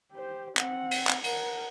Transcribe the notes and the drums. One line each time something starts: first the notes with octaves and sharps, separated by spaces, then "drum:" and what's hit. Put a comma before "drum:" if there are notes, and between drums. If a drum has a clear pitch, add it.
G4 C5
C4 F#5, drum: clap
drum: cymbal
drum: clap
A#4 F#5, drum: cymbal